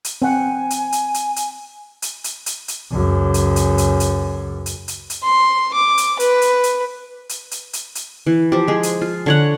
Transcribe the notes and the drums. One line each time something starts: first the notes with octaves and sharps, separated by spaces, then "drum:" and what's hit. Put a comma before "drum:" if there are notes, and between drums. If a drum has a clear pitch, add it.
drum: hi-hat
C4 C5 F#5 G#5
drum: hi-hat
drum: hi-hat
drum: hi-hat
drum: hi-hat
drum: hi-hat
drum: hi-hat
drum: hi-hat
drum: hi-hat
C#2 F#2
drum: hi-hat
drum: hi-hat
drum: hi-hat
drum: hi-hat
drum: hi-hat
drum: hi-hat
drum: hi-hat
C6
D6
drum: hi-hat
B4, drum: hi-hat
drum: hi-hat
drum: hi-hat
drum: hi-hat
drum: hi-hat
drum: hi-hat
drum: hi-hat
E3
F3 G4
G#3 G#4
drum: hi-hat
F4
D3 C#5 F#5